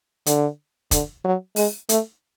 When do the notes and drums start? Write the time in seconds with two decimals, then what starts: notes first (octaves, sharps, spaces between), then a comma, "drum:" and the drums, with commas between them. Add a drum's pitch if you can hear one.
0.26 D3, drum: hi-hat
0.91 D3, drum: kick F1, hi-hat
1.25 F#3
1.56 G#3, drum: open hi-hat
1.89 A3, drum: hi-hat